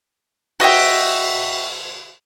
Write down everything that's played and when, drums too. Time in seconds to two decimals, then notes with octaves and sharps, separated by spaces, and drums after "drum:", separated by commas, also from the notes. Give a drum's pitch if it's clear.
0.60 F#4 D#5 E5 G5, drum: cymbal